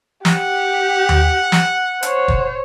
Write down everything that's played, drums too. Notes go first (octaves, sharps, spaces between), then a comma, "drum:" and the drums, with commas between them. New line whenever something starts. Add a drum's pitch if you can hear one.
G4 F#5, drum: snare
drum: tom D#2
drum: snare
C5 C#5, drum: hi-hat
drum: kick